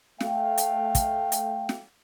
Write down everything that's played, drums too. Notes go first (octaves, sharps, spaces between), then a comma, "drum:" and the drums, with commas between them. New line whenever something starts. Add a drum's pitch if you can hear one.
A3 F5 G5, drum: snare
drum: hi-hat
drum: kick, hi-hat
drum: hi-hat
drum: snare